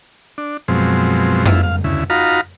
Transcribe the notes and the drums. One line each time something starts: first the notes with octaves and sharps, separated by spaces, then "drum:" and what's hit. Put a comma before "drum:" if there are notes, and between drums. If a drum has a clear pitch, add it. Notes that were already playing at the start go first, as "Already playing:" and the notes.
D4
F#2 B2 F3 G#3 C4
E4 F4, drum: tom F2
F5
D2 C#3 E4
D#4 F4 F#4 F5 A#5 B5